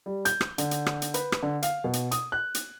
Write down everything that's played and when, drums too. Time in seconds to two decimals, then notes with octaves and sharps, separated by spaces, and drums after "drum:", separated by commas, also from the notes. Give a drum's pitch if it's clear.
0.06 G3
0.25 G6, drum: hi-hat
0.41 drum: rim click
0.58 D3, drum: hi-hat
0.71 drum: hi-hat
0.86 drum: rim click
1.02 drum: hi-hat
1.14 B4, drum: hi-hat
1.32 drum: rim click
1.42 D3
1.62 F5, drum: hi-hat
1.84 B2
1.93 drum: hi-hat
2.11 D#6, drum: hi-hat
2.32 F#6
2.55 drum: hi-hat